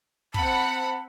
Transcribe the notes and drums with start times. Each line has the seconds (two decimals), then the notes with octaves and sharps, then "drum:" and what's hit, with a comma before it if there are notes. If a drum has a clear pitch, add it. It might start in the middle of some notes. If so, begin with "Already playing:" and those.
0.34 C4 F#5 A5 B5, drum: kick